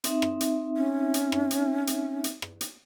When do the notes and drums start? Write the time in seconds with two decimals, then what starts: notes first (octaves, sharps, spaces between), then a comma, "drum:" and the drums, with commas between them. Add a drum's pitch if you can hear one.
0.04 C4 D#4 E5, drum: hi-hat
0.22 drum: rim click
0.41 drum: hi-hat
0.76 C#4
1.14 drum: hi-hat
1.32 drum: rim click
1.51 drum: hi-hat
1.87 drum: hi-hat
2.24 drum: hi-hat
2.42 drum: rim click
2.61 drum: hi-hat